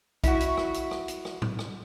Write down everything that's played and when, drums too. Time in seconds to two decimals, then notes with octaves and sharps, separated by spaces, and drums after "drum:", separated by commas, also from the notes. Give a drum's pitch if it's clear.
0.24 E4 F#4, drum: kick B1, hi-hat
0.40 drum: hi-hat
0.57 drum: rim click
0.74 drum: hi-hat
0.91 drum: rim click
1.08 drum: hi-hat
1.25 drum: rim click
1.42 drum: tom A2
1.59 drum: rim click